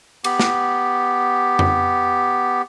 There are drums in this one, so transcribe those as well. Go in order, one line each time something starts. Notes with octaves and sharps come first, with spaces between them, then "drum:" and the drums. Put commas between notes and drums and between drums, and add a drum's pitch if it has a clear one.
B3 G4, drum: cymbal
drum: snare
drum: tom F2